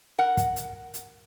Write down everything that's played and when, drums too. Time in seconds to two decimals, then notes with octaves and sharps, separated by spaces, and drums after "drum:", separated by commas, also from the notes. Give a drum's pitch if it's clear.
0.18 A#4 F#5
0.37 drum: kick, hi-hat
0.56 drum: hi-hat
0.94 drum: hi-hat